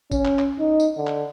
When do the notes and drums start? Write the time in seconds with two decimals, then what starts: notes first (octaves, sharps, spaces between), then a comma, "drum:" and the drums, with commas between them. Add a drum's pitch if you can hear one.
0.11 C#4, drum: kick, tambourine
0.25 drum: clap
0.39 drum: clap
0.59 D#4
0.80 drum: tambourine
0.97 D3
1.07 drum: clap